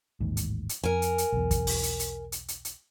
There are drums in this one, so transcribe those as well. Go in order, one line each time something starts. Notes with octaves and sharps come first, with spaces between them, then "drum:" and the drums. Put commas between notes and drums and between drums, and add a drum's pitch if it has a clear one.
A1 D#2 G#2
drum: hi-hat
drum: hi-hat
F2 A#4 G#5
drum: hi-hat
drum: hi-hat
B1 E2
drum: kick, hi-hat
drum: open hi-hat
drum: hi-hat
drum: hi-hat
drum: hi-hat
drum: hi-hat
drum: hi-hat